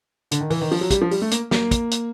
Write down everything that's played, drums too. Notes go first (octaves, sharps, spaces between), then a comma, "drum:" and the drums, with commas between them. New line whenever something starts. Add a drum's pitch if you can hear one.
D3, drum: hi-hat
D#3
E3, drum: open hi-hat
D#3
F3, drum: open hi-hat
F#3
G3, drum: kick, hi-hat
F3
G3, drum: open hi-hat
A3
A#3, drum: hi-hat
A#3, drum: snare
drum: kick, hi-hat
drum: hi-hat